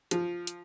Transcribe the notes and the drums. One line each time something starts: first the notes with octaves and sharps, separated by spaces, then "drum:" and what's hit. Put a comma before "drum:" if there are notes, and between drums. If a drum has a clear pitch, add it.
F3, drum: hi-hat
drum: hi-hat